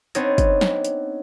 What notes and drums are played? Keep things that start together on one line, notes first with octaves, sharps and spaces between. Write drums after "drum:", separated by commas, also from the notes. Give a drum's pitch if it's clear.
B3 C4 D4 D#4 C#5 D#5, drum: hi-hat
drum: kick, hi-hat
drum: snare
drum: hi-hat